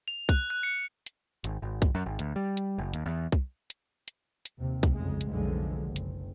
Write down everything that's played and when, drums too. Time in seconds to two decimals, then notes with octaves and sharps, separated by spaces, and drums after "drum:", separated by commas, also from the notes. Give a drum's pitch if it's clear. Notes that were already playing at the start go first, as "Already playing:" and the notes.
0.08 F7
0.29 F#6, drum: kick B1, hi-hat
0.50 F#6
0.63 C#7
1.06 drum: hi-hat
1.44 G#1, drum: hi-hat
1.62 G#1
1.82 drum: kick B1, hi-hat
1.95 F#2
2.06 G#1
2.19 D2, drum: hi-hat
2.36 G3
2.57 drum: hi-hat
2.78 F#1
2.94 D#2, drum: hi-hat
3.06 E2
3.32 drum: kick B1
3.70 drum: hi-hat
4.08 drum: hi-hat
4.45 drum: hi-hat
4.58 D#2 C3
4.83 drum: kick B1, hi-hat
4.95 B1 F2 C#3 G#3
5.21 drum: hi-hat
5.30 F1 B1 F2 D3 F3 G#3
5.84 F#1
5.96 drum: hi-hat